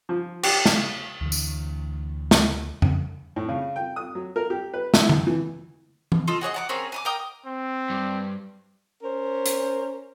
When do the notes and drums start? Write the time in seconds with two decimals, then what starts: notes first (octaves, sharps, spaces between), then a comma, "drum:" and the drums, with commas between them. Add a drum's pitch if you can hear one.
0.09 F3
0.43 G4, drum: cymbal
0.66 drum: snare
1.21 D2 D3 E3
1.32 drum: tambourine
2.31 drum: snare
2.82 drum: tom F2
3.36 A2
3.49 C#3
3.76 G5
3.96 D#6
4.15 F#3
4.36 A#4
4.50 G4
4.74 B4
4.94 E4, drum: snare
5.09 F#2, drum: tom D3
5.27 E3
6.12 drum: tom E3
6.28 F4 A4 D#5
6.41 F#4 G#4 C#5 D#5
6.54 F#5 A5 D6
6.69 C4 C#4 G#4 A#4
6.92 G#5 A#5 D6
7.05 A#4 G5 D#6
7.46 C4
7.90 G2
9.03 C#4 A#4 C5
9.46 drum: hi-hat